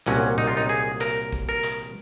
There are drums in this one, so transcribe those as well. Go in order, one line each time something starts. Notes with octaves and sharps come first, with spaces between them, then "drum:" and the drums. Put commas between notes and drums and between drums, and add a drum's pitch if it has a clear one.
C2 A#2 F#3 C#4, drum: clap
D#4, drum: tom
F4
D#4
G#4
A#4, drum: clap
drum: kick
A#4
drum: clap